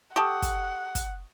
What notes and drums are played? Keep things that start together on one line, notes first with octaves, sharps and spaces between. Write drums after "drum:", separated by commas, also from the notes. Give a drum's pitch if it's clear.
G4 A4 F#5 C#6 D#6
drum: kick, hi-hat
drum: kick, hi-hat